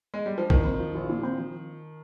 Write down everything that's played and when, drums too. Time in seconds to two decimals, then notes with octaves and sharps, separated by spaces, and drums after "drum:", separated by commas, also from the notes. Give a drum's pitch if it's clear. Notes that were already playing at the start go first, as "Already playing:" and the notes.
0.14 G#3
0.26 G3
0.38 F3
0.50 A#2 D#3, drum: kick A1
0.65 C4
0.79 F3
0.95 A#1
1.09 A#2
1.23 C4
1.38 F3